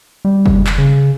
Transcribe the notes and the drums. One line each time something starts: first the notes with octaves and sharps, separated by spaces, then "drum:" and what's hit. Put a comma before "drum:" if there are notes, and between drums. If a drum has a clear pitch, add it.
G3
drum: kick
drum: clap
C#3